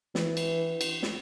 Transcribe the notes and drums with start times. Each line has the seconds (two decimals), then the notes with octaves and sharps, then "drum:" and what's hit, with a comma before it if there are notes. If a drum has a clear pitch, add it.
0.15 E3, drum: snare
0.37 drum: cymbal
0.81 drum: cymbal
1.03 drum: snare